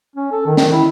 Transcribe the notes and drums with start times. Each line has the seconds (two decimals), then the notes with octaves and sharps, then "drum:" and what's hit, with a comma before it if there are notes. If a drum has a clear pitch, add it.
0.16 C#4
0.32 A4
0.46 D#3
0.57 D#3, drum: snare
0.73 E4